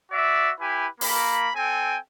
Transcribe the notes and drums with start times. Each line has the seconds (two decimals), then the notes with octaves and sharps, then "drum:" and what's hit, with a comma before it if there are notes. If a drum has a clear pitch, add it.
0.12 F#4 D5 E5
0.61 E4 G4 B4 G#5
1.01 A#3 B5, drum: open hi-hat
1.55 C4 A4 G5 G#5